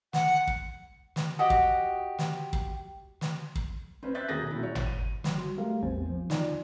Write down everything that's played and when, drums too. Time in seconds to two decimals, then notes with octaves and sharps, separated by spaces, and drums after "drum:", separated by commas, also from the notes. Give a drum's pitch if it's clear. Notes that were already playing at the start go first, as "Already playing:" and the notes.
0.13 F#5, drum: snare
0.47 drum: kick
1.16 drum: snare
1.39 F#4 G4 D#5
1.50 drum: kick
2.19 drum: snare
2.53 drum: kick
3.21 drum: snare
3.55 drum: kick
4.03 C4 C#4 B4
4.14 C5 E5 F#6 G6 A6 B6
4.29 D#1 B2 A#3 G#4 A6 A#6
4.51 A#2 F#3 E4
4.63 C#5
4.75 drum: tom
4.86 D#7
5.24 F#3 G3 C6, drum: snare
5.38 F#4
5.58 G3 A3 G4 A#4 F5
5.83 A1 E2 B3 C4 C5 G#5
6.10 F3
6.30 D#4 F4 D5 G#5, drum: snare